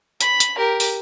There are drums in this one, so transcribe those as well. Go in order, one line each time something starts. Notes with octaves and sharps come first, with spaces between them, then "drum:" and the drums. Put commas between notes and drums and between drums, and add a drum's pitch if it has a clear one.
B5, drum: hi-hat
drum: hi-hat
G4 A#4
drum: open hi-hat